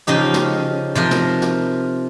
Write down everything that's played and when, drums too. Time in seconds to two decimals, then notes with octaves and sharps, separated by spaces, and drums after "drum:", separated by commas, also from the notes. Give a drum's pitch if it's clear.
0.07 C#3 F3 D#4 G4
0.34 drum: snare
0.95 C3 F3 A#4
1.11 drum: snare
1.42 drum: snare